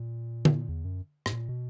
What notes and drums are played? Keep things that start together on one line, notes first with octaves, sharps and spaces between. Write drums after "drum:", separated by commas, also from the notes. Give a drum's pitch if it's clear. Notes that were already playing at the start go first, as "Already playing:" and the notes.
Already playing: A#2
drum: tom D3
E2
F#2
G#2, drum: rim click
A#2
B2